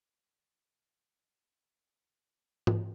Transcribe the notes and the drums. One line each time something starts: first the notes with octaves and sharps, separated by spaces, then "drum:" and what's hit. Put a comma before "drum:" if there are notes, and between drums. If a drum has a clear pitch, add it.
F#3 C4
drum: tom G#2